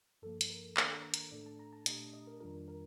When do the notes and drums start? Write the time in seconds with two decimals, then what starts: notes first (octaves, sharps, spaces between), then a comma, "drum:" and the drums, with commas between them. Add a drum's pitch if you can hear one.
0.22 G2 F3 A#3 A4
0.41 drum: hi-hat
0.50 A#4
0.77 D#3 A#3 D4 A4 C5, drum: clap
0.95 A#5
1.14 A#5, drum: hi-hat
1.31 A2 A3 D4 A4 D5
1.46 A5
1.59 A#5
1.73 A5
1.86 A#2 A3 D4 G4 D#5, drum: hi-hat
2.13 D#5
2.27 A#4
2.40 F2 D#3 G3 D4 F4 A#4
2.68 A#4